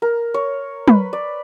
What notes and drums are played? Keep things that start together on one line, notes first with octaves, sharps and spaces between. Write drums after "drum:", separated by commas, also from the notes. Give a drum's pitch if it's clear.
A#4
C#5
B4, drum: tom
D5